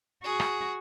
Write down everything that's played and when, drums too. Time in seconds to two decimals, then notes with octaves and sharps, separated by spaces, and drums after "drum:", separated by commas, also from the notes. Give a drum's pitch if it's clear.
0.24 F#4 G#4
0.40 drum: rim click